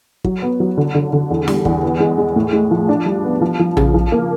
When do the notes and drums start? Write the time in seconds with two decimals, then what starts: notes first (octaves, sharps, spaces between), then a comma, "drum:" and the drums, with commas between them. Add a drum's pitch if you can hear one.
0.24 F#3, drum: kick
0.42 B3
0.60 F#3
0.77 D3
0.95 D3
1.13 D3
1.30 E2
1.48 G3, drum: snare
1.65 E2, drum: kick
1.83 B3
2.00 G#3
2.18 G#3
2.36 A2
2.53 G#3
2.71 F3
2.89 D4
3.06 G3
3.24 B3
3.41 F3
3.59 F3
3.77 C#3, drum: tom A#1
3.94 F3
4.12 A#3